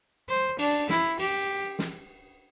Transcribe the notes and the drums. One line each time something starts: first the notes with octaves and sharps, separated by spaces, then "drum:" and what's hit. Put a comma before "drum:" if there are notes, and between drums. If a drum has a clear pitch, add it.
C5
D4, drum: cymbal
E4, drum: snare
G4, drum: cymbal
drum: snare